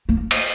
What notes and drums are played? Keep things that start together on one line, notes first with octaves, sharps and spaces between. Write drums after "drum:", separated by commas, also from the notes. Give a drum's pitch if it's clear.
A#3
drum: cymbal